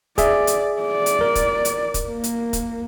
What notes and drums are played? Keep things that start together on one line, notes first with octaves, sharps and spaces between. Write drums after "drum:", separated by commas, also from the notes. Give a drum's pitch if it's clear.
G#4 D5 E5, drum: kick, hi-hat
drum: hi-hat
D5
drum: hi-hat
A#4
drum: kick, hi-hat
drum: hi-hat
drum: kick, hi-hat
A#3
drum: hi-hat
drum: kick, hi-hat